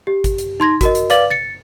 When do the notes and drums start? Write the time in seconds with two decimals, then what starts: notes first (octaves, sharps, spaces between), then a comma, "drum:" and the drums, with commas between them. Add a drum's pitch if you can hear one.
0.07 G4
0.24 drum: kick, hi-hat
0.38 drum: hi-hat
0.60 D#4 C6 G#6 A#6
0.81 F#4 A#4 D#5, drum: kick, hi-hat
0.95 drum: hi-hat
1.10 B4 D5 F5 D6 A6 F#7, drum: hi-hat
1.30 A6 C#7